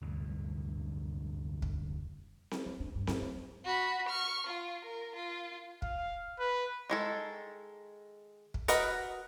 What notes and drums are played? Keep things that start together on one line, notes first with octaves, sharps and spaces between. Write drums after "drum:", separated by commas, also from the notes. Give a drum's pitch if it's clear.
F1 D2 G2
drum: kick
drum: snare C4
F3
D4
G2
F3, drum: snare C4
A3
F#4 B5
C#6 F6
F4
A#4
F4
F5, drum: kick
B4
D#3 G#3 A4
drum: kick
F#4 A#4 B4 D#5 F#5, drum: hi-hat